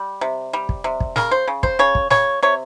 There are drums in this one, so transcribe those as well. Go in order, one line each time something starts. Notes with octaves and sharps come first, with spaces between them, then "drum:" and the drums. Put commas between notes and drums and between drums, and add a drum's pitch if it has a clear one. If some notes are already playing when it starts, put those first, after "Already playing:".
Already playing: G3
C3
G3
drum: kick
C3
drum: kick
C#3 A#4, drum: snare
C5
C#3
C5, drum: kick
C#3 C#5
drum: kick
C#3 C#5, drum: snare
C3 C#5